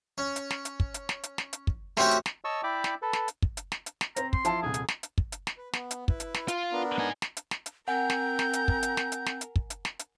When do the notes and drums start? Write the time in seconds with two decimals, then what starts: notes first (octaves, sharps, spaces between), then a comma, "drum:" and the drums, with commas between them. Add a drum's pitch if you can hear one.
0.18 C#4
0.36 drum: hi-hat
0.50 drum: snare
0.65 drum: hi-hat
0.80 drum: kick
0.94 drum: hi-hat
1.09 drum: snare
1.23 drum: hi-hat
1.38 drum: snare
1.53 drum: hi-hat
1.67 drum: kick
1.97 A3 C4 C#4 F#4 G4, drum: snare
2.11 drum: hi-hat
2.26 drum: snare
2.45 C#5 D#5 A5 C#6 E6
2.63 E4 D5 E5 G5 D6
2.84 drum: snare
3.02 A4 B4
3.13 drum: snare
3.28 drum: hi-hat
3.42 drum: kick
3.57 drum: hi-hat
3.72 drum: snare
3.86 drum: hi-hat
4.01 drum: snare
4.16 C4 C5 A#5, drum: hi-hat
4.33 C6, drum: kick
4.45 F3 E4 A5, drum: hi-hat
4.63 D#1 C2 G#4
4.74 drum: hi-hat
4.88 drum: snare
5.03 drum: hi-hat
5.18 drum: kick
5.32 drum: hi-hat
5.47 drum: snare
5.57 B4
5.73 B3, drum: snare
5.91 drum: hi-hat
6.08 E4 B4, drum: kick
6.20 drum: hi-hat
6.34 drum: snare
6.48 F4, drum: hi-hat
6.72 B3 D4 A#4
6.99 D#4 G#5
7.22 drum: snare
7.37 drum: hi-hat
7.51 drum: snare
7.66 drum: hi-hat
7.88 C4 A#4 F#5 G#5 A#5 G6
8.10 drum: snare
8.39 drum: snare
8.53 drum: hi-hat
8.68 drum: kick
8.83 drum: hi-hat
8.97 drum: snare
9.12 drum: hi-hat
9.26 drum: snare
9.41 drum: hi-hat
9.56 drum: kick
9.70 drum: hi-hat
9.85 drum: snare
9.99 drum: hi-hat